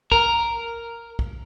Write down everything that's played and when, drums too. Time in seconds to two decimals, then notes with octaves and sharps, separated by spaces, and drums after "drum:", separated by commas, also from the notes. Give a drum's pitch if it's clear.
0.12 A#4, drum: kick
1.19 drum: kick